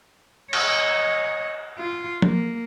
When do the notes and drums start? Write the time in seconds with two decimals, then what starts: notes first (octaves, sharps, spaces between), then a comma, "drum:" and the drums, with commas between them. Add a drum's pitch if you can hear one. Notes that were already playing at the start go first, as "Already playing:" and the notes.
0.53 C#5 D#5, drum: cymbal
1.78 F4
2.22 A#3, drum: tom F3